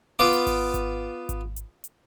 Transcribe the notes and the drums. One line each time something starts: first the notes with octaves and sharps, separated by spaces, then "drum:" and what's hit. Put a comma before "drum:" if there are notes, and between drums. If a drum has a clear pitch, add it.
B3 F4 D6
drum: hi-hat
drum: kick G#1, open hi-hat
drum: kick G#1, hi-hat
drum: kick G#1, hi-hat
drum: hi-hat
drum: hi-hat